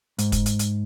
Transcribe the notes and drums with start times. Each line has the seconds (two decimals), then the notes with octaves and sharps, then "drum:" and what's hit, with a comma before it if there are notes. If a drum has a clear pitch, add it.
0.18 G#2, drum: hi-hat
0.32 drum: kick, hi-hat
0.46 drum: hi-hat
0.59 drum: hi-hat